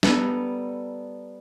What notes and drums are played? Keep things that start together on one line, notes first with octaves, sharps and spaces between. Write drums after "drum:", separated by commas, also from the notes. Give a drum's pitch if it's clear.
G3 B3 A4 A#5, drum: snare